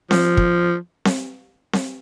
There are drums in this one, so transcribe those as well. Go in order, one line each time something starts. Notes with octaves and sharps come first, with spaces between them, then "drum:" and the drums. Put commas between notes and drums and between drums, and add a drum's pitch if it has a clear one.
F3, drum: snare C4
drum: kick
drum: snare C4
drum: snare C4